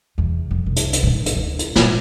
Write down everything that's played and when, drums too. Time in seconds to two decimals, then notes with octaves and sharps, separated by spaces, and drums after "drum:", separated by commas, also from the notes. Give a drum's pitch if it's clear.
0.18 E2 C3
0.51 F2
0.66 C2
0.76 drum: hi-hat
0.93 drum: hi-hat
1.03 A2 D3
1.26 drum: hi-hat
1.35 D2
1.59 drum: hi-hat
1.76 A#2, drum: snare